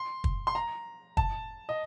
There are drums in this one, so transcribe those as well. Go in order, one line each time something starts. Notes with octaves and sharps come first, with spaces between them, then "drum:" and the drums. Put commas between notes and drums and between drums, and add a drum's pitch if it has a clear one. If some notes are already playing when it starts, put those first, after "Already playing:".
Already playing: C6
drum: kick
C6
A#5
A5, drum: kick
D#5